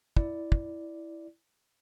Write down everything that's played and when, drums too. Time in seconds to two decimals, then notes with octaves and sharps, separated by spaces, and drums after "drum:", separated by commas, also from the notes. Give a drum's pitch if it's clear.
0.17 E4 D5, drum: kick
0.52 drum: kick